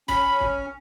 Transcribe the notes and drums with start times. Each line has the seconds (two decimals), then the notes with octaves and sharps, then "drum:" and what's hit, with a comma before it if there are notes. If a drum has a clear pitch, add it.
0.08 C#4 B5, drum: kick
0.40 drum: kick